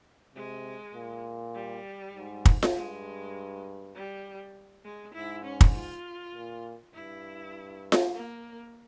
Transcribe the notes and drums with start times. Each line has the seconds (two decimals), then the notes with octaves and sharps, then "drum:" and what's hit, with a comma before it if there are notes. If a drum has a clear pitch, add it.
0.35 C3 G#3
0.95 A#2
1.55 G3
2.15 G#2
2.45 drum: kick
2.63 drum: snare F4
2.75 G2 G#3
3.95 G3
4.84 G#3
5.14 G#2 E4
5.44 C#4
5.61 drum: kick
5.74 F4
6.34 A#2
6.94 G2 E4
7.92 drum: snare F4
8.14 A#3